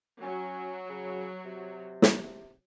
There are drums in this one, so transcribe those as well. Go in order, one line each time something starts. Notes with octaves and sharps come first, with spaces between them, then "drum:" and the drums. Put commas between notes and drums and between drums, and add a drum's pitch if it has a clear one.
F#3 C#4
C#3
C3
drum: snare